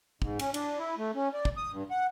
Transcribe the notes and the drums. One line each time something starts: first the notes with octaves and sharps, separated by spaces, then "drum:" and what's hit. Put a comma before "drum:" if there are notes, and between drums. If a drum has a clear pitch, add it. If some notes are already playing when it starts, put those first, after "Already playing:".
G#2, drum: kick
C#4, drum: cymbal
D4, drum: cymbal
E4
A3
C#4
D5
drum: kick
D#6
G2
F#5